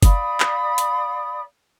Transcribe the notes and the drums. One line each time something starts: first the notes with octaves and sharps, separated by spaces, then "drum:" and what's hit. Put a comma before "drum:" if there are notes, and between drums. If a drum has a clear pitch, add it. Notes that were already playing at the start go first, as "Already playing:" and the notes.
D5 F5 B5 D#6, drum: kick F#1, hi-hat
drum: clap
drum: hi-hat